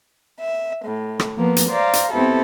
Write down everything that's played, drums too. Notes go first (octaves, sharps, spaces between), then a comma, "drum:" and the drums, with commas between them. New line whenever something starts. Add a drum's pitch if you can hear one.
E5
A2
drum: rim click
F3 A#3 B3
drum: hi-hat
C5 D5 F5 A#5
drum: hi-hat
B3 C4 E4 G4 A4